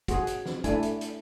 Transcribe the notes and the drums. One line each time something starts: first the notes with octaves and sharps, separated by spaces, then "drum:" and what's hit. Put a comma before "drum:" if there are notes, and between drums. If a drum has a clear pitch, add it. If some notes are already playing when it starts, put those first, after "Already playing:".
F#4 G#4, drum: kick, hi-hat
drum: hi-hat
drum: snare
A3 D4 E4 G#5, drum: kick, hi-hat
drum: hi-hat
drum: hi-hat